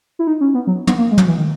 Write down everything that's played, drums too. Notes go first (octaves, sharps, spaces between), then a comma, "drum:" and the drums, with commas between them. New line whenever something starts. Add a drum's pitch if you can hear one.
E4
D#4
C#4
B3
F#3
B3, drum: tom
A#3
G#3
F#3, drum: tom
E3
D#3